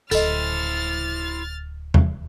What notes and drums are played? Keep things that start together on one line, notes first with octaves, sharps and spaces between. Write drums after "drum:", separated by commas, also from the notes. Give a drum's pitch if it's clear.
D1 E4 A4 C5 D#5 F6 A6, drum: tambourine
drum: tom E2